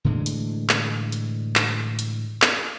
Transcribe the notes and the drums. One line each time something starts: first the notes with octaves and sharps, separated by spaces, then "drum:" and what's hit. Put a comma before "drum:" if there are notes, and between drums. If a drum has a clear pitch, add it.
A2 D3 E3 G#3
drum: hi-hat
drum: clap
drum: hi-hat
drum: clap
drum: hi-hat
drum: clap